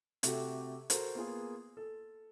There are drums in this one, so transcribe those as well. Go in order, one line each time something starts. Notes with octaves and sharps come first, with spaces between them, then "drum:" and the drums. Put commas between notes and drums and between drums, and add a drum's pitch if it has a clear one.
C3 A3 F#4 G4 A4, drum: hi-hat
F#4 A4 A#4 C5, drum: hi-hat
A#3 B3 F4 G#4
A4